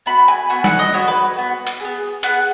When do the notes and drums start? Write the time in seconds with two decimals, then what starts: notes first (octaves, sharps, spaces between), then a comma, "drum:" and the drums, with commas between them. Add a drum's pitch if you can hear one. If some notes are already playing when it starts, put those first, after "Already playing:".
0.06 B3 F#4 B5
0.28 G#5
0.50 B3 F#4 G#5
0.64 F#5, drum: snare
0.79 D#5
0.93 B3 F#4 C#5
1.08 B4
1.37 B3 F#4
1.67 drum: hi-hat
1.80 B3 G#4
2.23 B3 G#4 F#5, drum: hi-hat